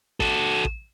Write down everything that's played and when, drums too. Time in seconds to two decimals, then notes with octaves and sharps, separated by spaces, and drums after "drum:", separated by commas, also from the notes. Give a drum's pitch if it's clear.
0.20 F#4 A4, drum: kick A1
0.65 drum: kick A1